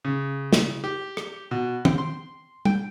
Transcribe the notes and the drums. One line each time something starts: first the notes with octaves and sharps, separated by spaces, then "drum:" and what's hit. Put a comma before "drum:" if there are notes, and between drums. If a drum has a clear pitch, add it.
C#3
drum: snare
G4
drum: rim click
B2
G5, drum: tom D#3
C6
G5, drum: tom G3